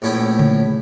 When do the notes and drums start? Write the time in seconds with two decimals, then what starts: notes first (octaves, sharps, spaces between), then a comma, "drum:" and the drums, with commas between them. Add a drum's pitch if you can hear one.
0.02 A#1 A2 C#4 E4 G5 B5
0.39 drum: tom C#3